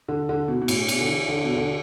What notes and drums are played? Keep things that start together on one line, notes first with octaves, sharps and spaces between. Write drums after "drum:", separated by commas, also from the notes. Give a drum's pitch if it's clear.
D3
D3
B2
B2
A2, drum: cymbal
B2, drum: cymbal
D3
E3
D3
B2
D3